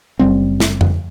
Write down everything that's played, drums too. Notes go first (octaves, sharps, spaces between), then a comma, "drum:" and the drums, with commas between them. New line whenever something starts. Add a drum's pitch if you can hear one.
F#1 F2 G3 C4
drum: snare
drum: tom F2